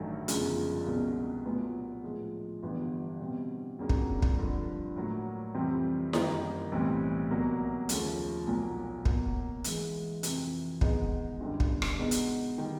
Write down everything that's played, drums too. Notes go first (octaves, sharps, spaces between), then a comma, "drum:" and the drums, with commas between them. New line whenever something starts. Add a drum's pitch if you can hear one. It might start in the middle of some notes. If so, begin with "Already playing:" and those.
Already playing: A1 G2 D#3 F#3 A3
G1 F#2 C#3 F3 G#3, drum: hi-hat
C2 B2 G#3 C#4
A#2 F#3 B3
A2 F3 G#3
G1 G2 E3 G3 B3
B2 G3 C4
F2 C#3 F#3 A#3 D4
drum: kick
drum: kick
G2 D3 F3
A2 F#3 A#3
F2 C3 E3 G3 C4
F#2 D#3 G3 A#3 D#4, drum: snare E4
B1 A2 E3 G3 C4
C2 B2 F#3 A#3
D#2 C#3 F3 A3, drum: hi-hat
B1 A#2 F#3 A#3
B2 F#3 A#3, drum: kick
G#2 E3 G#3, drum: hi-hat
F2 C3 E3, drum: hi-hat
G#2 D#3 G#3 B3 D#4, drum: kick
G1 F#2 D3 G3
drum: kick
drum: rim click
B2 G#3 B3 D#4
drum: hi-hat
D#3 G3